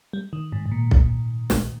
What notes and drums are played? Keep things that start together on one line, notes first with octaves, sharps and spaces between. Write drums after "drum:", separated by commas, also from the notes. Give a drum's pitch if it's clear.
G3
D#3
G#2
G#2
A#2
drum: kick B1
drum: snare